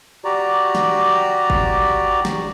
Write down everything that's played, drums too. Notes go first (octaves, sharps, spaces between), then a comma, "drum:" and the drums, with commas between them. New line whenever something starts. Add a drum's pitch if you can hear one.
F#4 G4 D5 A#5
drum: snare
drum: kick G1
drum: snare